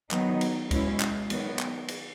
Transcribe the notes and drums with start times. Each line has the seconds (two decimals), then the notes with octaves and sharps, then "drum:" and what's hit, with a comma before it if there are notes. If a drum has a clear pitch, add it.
0.11 D#3 F#3 B3 D#4, drum: clap
0.41 drum: cymbal
0.71 B2 G#3 C#4 E4, drum: kick C#2, cymbal
1.00 drum: clap
1.30 D#3 F#3 B3, drum: cymbal
1.59 drum: clap
1.88 drum: cymbal